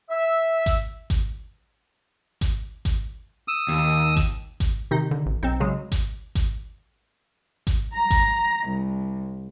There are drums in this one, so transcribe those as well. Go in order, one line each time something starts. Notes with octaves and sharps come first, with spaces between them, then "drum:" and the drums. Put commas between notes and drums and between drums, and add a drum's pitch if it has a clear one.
E5
drum: kick G#1, hi-hat
drum: kick G#1, hi-hat
drum: kick G#1, hi-hat
drum: kick G#1, hi-hat
D#6 E6
D#2
drum: kick G#1, hi-hat
drum: kick G#1, hi-hat
C3 D#3 D#4
D3
A1
B1 C4 D#4
C#3 F#3 G#3
drum: kick G#1, hi-hat
drum: kick G#1, hi-hat
drum: kick G#1, hi-hat
A#5
drum: kick G#1, hi-hat
C2